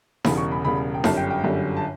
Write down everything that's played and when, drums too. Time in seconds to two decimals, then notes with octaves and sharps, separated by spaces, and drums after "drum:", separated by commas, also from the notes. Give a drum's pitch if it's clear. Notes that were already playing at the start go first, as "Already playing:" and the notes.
0.25 E1 E2 C#3 G3 B5, drum: snare D#4
0.38 C#6
0.51 B5
0.64 E1 E2 C#3 G3 B5
0.94 G5
1.04 G1 F#2 D3 G3 A5, drum: snare D#4
1.17 G5
1.30 G5
1.44 G1 F#2 D3 G3
1.77 A5